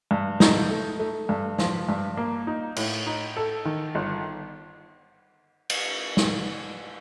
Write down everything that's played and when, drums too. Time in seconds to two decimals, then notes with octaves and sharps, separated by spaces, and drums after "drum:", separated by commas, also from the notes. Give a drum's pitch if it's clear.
0.11 G2
0.40 D#4, drum: snare
0.70 A3
0.99 A3
1.29 G2
1.58 F3, drum: snare
1.89 G2
2.17 A#3
2.47 D#4
2.76 A2, drum: cymbal
3.07 D#4
3.37 A4
3.65 D#3
3.95 G1
5.70 drum: cymbal
6.17 drum: snare